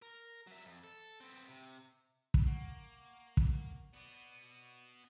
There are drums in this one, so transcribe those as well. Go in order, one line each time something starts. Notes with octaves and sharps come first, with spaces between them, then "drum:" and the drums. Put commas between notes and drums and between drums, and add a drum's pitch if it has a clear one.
A#4
F#3 E5
F2
A4
B3 C4
C3
drum: kick
A#3 F#5 C#6
drum: kick
B3 F#4 D5 D#6